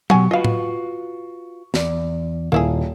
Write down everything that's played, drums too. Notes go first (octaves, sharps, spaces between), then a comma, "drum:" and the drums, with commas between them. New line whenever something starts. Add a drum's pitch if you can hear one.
B2 F#3 G4 F#5 G#5 C#6, drum: tom
F4 F#4 B4 D#5 F5
drum: tom A2
E2 D5, drum: snare
D#1 A#3 E4 G#4